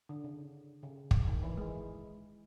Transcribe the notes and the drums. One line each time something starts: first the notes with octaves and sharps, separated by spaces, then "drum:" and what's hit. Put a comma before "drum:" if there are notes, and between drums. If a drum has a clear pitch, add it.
D3
C#3
C#3
drum: kick
D#3
E3
G#3